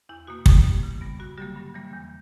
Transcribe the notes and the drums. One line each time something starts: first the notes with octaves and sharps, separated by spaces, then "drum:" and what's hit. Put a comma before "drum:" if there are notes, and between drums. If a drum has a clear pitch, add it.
E2 E4
B2 A#3 F#4
B2 G3 G4, drum: kick
A#3 E4
C#3
G3 B3
G2 F#4
D3 F#3 G3 A#3 G4
G2
E3 G3 A#3
E2